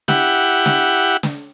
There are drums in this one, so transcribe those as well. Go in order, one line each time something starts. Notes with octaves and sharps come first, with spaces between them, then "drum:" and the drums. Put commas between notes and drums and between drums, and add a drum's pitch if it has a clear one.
E4 G4 F#5, drum: snare
drum: snare
drum: snare